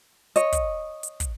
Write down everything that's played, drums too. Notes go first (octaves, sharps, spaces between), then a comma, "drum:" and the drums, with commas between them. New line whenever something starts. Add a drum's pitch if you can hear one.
C#5 D#5, drum: hi-hat
drum: kick, hi-hat
drum: hi-hat
drum: kick, hi-hat